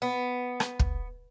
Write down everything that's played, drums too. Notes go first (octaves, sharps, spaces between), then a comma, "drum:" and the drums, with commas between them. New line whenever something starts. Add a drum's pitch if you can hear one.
B3
drum: rim click
drum: kick